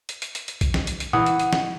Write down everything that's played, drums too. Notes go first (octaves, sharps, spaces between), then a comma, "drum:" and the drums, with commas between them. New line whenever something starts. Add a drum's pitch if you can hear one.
drum: hi-hat
drum: hi-hat
drum: hi-hat
drum: hi-hat
drum: kick B1, hi-hat
drum: snare
drum: hi-hat
drum: hi-hat
E3 F#5 D#6, drum: tom A#2
drum: hi-hat
drum: hi-hat
drum: snare